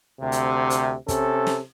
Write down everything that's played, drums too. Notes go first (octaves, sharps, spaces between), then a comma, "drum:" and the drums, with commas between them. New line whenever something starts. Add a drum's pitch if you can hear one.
D2 C3
drum: hi-hat
drum: hi-hat
C3 C#4 A4, drum: kick, hi-hat
drum: snare